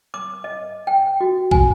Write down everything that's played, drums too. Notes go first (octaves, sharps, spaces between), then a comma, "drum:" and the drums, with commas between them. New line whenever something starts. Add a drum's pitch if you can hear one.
D6
D#5
G5
F#4
G#5, drum: kick